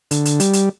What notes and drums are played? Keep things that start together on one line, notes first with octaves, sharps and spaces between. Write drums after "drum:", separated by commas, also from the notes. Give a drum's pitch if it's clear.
D3, drum: hi-hat
drum: hi-hat
G3, drum: hi-hat
drum: hi-hat